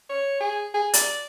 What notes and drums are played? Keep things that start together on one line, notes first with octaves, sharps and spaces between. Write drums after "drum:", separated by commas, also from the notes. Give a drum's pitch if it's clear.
C#5
G#4
G#4
D5, drum: hi-hat